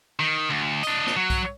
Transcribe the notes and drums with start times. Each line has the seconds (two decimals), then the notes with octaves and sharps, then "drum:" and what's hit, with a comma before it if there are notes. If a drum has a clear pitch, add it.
0.19 D#3
0.50 D2
0.83 D4 D#5, drum: tambourine
1.07 drum: snare
1.17 F#3
1.30 drum: kick B1, tambourine